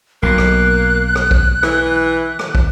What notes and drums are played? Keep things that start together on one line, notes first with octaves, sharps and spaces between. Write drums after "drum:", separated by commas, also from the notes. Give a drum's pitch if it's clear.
B1 B2 A#3 F#6
drum: rim click
drum: rim click
drum: kick
E3, drum: rim click
drum: rim click
drum: kick